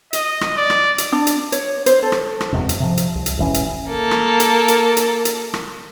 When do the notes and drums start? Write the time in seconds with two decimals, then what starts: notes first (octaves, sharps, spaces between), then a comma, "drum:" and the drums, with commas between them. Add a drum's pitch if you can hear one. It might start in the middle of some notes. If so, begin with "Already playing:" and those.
0.13 D#5, drum: hi-hat
0.41 drum: rim click
0.57 D5
0.70 drum: rim click
0.98 drum: hi-hat
1.12 D4
1.27 drum: hi-hat
1.52 C#5, drum: hi-hat
1.86 C5, drum: hi-hat
2.03 A4
2.12 drum: rim click
2.41 drum: rim click
2.53 F1 E2 G#2 C3
2.69 drum: hi-hat
2.80 C3 F3
2.97 drum: hi-hat
3.15 C2
3.26 drum: hi-hat
3.37 E1 A1 E3 C#4
3.54 drum: hi-hat
3.90 A#3 A4
4.11 drum: rim click
4.40 drum: hi-hat
4.68 drum: hi-hat
4.97 drum: hi-hat
5.25 drum: hi-hat
5.54 drum: rim click